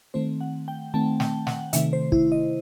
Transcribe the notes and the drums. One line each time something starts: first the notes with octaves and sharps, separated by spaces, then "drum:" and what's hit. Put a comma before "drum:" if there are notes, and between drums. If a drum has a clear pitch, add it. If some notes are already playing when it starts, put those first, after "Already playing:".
D#3 A3 C4 C5
F#5
G5
D#3 A3 C4 A5
G5, drum: snare
F#5, drum: snare
C3 D#3 A3 E5, drum: hi-hat
C5
E4, drum: kick
D#5